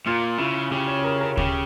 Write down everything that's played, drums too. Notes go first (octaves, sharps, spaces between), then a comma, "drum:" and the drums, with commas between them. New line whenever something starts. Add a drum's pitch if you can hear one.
A#2 F4
C#3 E4
C#3 G4
C#5
C#5
A#4
A#4
C#3 G4, drum: kick D2